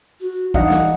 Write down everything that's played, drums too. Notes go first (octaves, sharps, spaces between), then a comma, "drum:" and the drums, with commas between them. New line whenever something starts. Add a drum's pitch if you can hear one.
F#4
E3 D4 D#4 D#5 F5 F#5, drum: kick
drum: snare